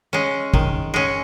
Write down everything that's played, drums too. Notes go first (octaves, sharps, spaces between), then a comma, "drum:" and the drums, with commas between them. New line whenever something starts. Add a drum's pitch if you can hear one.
G#3 C#4
D#3, drum: kick
G#3 C#4